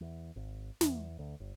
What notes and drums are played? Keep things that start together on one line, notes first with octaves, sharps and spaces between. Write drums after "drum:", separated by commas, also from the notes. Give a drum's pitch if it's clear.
E2
G#1
E2, drum: snare
D2
G1